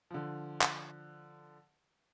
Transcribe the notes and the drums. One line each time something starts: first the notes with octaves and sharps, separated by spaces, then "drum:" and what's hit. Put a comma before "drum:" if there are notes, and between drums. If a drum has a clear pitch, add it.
D3 F3
drum: clap